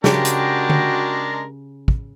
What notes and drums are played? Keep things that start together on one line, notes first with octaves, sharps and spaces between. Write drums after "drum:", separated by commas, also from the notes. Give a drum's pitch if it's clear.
C#3 G#3 D4 F#4 G4 A#4 G5, drum: snare
drum: hi-hat
drum: tom D3
drum: kick